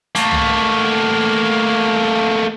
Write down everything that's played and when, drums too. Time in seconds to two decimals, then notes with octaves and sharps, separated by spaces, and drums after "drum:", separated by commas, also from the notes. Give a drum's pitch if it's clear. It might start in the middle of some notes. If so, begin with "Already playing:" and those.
0.15 A3 A#3, drum: hi-hat
0.31 drum: tom C2